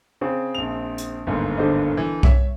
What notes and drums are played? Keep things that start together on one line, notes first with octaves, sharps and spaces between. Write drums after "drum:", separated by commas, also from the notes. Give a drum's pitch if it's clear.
C#3 C4
A#1 F7
drum: hi-hat
G1 D#2 G#2
D3 C5 D#5
E3
C#5 E5, drum: kick B1